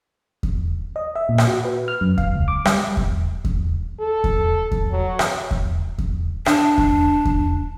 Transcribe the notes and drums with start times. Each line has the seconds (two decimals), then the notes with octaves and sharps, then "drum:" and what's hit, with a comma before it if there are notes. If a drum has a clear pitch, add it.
0.43 drum: kick E2
0.96 D#5
1.16 E5
1.29 A#2
1.38 drum: rim click
1.48 F#4
1.65 B4
1.88 F6
2.01 F#2
2.18 F5, drum: kick E2
2.36 C#2
2.48 D6
2.65 G3, drum: rim click
2.97 drum: kick E2
3.45 drum: kick E2
4.00 A4
4.24 drum: kick E2
4.71 drum: kick E2
4.92 F#3
5.19 drum: rim click
5.51 drum: kick E2
5.98 drum: kick E2
6.46 D4, drum: rim click
6.78 drum: kick E2
7.25 drum: kick E2